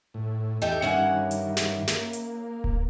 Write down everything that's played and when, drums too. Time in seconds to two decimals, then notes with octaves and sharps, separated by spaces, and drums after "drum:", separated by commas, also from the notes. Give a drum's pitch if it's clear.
0.14 A2
0.62 E2 D#4 G4 A4 E5
0.82 G2 D#3 C#4 E4 F#5
1.31 drum: hi-hat
1.57 drum: snare
1.88 A#3, drum: snare
2.13 drum: hi-hat
2.64 drum: kick D1